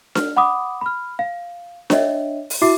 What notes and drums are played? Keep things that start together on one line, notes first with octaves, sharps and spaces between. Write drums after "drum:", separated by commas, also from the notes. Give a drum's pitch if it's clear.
F6, drum: snare D4
F#5 B5 D6 D#6
B5 F6
F5
D4 C#5 D#5 E5, drum: snare D4
drum: open hi-hat
E4 F#4 E5 D6 C7